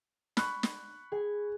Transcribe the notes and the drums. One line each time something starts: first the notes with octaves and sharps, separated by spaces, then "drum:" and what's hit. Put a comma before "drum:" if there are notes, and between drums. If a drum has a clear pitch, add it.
B5 C#6 F#6, drum: snare
drum: snare
G#4 G#5